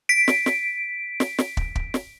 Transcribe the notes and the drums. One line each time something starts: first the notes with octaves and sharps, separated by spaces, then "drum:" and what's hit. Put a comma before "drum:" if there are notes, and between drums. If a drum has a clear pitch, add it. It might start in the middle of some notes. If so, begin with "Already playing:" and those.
B6 D7
drum: snare
drum: snare
drum: snare
drum: snare
drum: kick
drum: kick
drum: snare